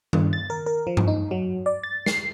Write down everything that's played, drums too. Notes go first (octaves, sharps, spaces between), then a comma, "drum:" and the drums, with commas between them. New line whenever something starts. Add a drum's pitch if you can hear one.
G2, drum: tom D#3
A6
A#4
A#4
F3
drum: tom G2
D#4
F#3
D5
A6
C7, drum: snare